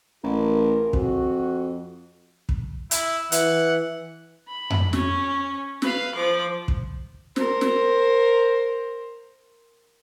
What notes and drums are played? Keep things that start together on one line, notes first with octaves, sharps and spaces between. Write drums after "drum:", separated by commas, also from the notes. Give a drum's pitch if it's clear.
A1 F4 G#4 A#4
F2 F#4, drum: kick
drum: kick
E4, drum: hi-hat
E3 F#5, drum: hi-hat
B5
drum: tom F2
C#4, drum: snare
B4 F5, drum: snare
F3 D6
drum: kick
A#4 C5, drum: snare
drum: snare